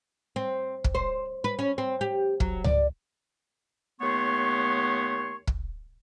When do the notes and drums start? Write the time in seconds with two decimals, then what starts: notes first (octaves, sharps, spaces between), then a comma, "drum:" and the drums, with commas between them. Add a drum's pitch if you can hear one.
0.36 C4
0.84 drum: kick
0.95 C5
1.44 B4
1.59 C#4
1.78 C4
2.01 G4
2.40 F#3, drum: kick
2.64 D5, drum: tom C#2
4.00 D#2 A3 B3 C#5 C6 C#6
5.47 drum: kick